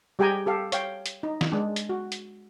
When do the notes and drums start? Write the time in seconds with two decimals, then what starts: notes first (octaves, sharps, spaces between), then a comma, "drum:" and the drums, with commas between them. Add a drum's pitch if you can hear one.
0.19 G3 G4 G#4 G5 G#5 A#5
0.46 G4 A4 F5
0.72 C#5 F5 G5, drum: hi-hat
1.06 drum: hi-hat
1.23 D#4
1.41 drum: snare
1.52 G#3 D4
1.76 drum: hi-hat
1.89 F#4
2.12 drum: hi-hat